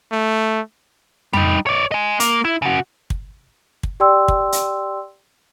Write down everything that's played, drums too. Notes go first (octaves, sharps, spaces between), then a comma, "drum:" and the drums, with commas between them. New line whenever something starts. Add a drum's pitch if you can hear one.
A3
G3 D#4, drum: tom F2
C#5 D5
D#5 G#5
A#3, drum: hi-hat
E4
C#3 F#4
drum: kick
drum: kick
G4 D5 G5 C6 E6
drum: kick
drum: hi-hat